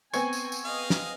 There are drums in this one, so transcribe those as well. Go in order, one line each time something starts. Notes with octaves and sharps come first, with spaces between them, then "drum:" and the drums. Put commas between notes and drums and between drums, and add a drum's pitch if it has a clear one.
B3 C4 G#5 C#6 G#6, drum: tambourine
drum: tambourine
drum: tambourine
G#4 D#5 F5
drum: snare